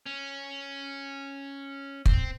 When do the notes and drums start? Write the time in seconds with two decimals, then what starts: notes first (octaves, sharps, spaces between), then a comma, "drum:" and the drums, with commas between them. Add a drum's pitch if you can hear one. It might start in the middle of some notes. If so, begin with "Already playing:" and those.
0.06 C#4
2.06 C4, drum: kick